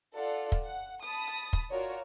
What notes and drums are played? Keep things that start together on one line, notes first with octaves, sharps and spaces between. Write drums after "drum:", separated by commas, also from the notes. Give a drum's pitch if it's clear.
F4 A4 D5 F#5
drum: kick, hi-hat
F#5
A5 B5 D#6, drum: hi-hat
drum: hi-hat
drum: kick, hi-hat
F4 F#4 A#4 C#5 D5